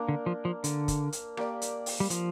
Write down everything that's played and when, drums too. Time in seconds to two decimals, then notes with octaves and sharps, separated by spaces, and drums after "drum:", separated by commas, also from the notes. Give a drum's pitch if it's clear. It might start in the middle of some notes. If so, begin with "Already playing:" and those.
Already playing: A#3 D4 A#4
0.08 D3
0.26 F3
0.45 F3
0.64 D3, drum: hi-hat
0.88 drum: kick, hi-hat
1.12 drum: hi-hat
1.37 A#3 G4 D5, drum: rim click
1.62 drum: hi-hat
1.86 drum: open hi-hat
2.00 G3
2.10 F3, drum: hi-hat